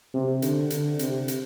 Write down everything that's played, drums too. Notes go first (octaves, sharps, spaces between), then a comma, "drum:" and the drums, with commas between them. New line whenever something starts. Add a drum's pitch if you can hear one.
C3
D3, drum: hi-hat
D3, drum: hi-hat
C3, drum: hi-hat
drum: hi-hat